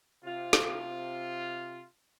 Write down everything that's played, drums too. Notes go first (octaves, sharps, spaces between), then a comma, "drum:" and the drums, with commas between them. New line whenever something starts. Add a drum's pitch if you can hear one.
C3 F4
drum: snare